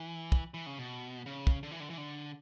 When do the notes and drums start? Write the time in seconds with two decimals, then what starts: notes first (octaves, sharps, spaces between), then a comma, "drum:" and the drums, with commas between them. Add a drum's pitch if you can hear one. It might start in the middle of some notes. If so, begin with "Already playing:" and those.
Already playing: E3
0.32 drum: kick
0.54 E3
0.66 C#3
0.78 B2
1.26 C#3
1.47 drum: kick
1.63 D3
1.71 E3
1.80 D3
1.90 E3
1.98 D3